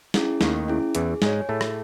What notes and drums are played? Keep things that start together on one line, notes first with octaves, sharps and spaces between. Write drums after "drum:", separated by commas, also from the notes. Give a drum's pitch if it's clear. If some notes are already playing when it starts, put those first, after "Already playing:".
C#4 E4 G#4, drum: snare
D#2 D#3 A3, drum: snare
C#4 E4 G#4
E2 E3 G#4, drum: hi-hat
G#2 G#3 C#5 G#5, drum: snare
A2 A3 G#4
drum: rim click